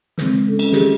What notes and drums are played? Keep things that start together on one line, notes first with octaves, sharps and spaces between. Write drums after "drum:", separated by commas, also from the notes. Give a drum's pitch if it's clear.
C#3 G#3 C4, drum: snare
C#4 A4
drum: cymbal
G4 G#4, drum: snare